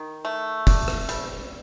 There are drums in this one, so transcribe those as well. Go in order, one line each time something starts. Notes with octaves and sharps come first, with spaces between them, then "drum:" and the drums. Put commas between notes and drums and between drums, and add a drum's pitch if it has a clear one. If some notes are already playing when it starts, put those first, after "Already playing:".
Already playing: D#3
A3
D4, drum: kick F#1, open hi-hat
drum: rim click
G3, drum: hi-hat